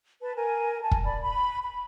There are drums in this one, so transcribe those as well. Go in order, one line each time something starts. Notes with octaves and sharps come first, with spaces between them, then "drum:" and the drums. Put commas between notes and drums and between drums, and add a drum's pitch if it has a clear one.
B4 A5
A#4 G#5
G#5 A5
drum: kick
D5 B5
B5
B5